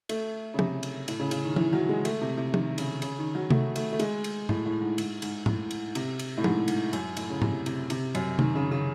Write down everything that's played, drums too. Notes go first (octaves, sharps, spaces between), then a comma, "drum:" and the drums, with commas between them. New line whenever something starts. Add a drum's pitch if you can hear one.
A3, drum: cymbal
C#3
C3, drum: tom F3
drum: cymbal
A2, drum: cymbal
C#3
C#3, drum: cymbal
D#3
E3, drum: tom F3
F#3
G#3
A3, drum: cymbal
C3
C3
D#3, drum: tom F3
C#3, drum: cymbal
C#3, drum: cymbal
D#3
F#3
A3, drum: tom C3
A3, drum: cymbal
A3
G#3, drum: cymbal
drum: cymbal
A2, drum: tom G#2
A2
G#2
G#2, drum: cymbal
G#2, drum: cymbal
A2, drum: tom G#2
drum: cymbal
C3, drum: cymbal
drum: cymbal
A2
G#2, drum: tom F3
G#2, drum: cymbal
F#2, drum: cymbal
A2, drum: cymbal
C#3
C3, drum: tom G#2
C3, drum: cymbal
C3, drum: cymbal
F#2, drum: cymbal
D#3, drum: tom C3
C#3
C#3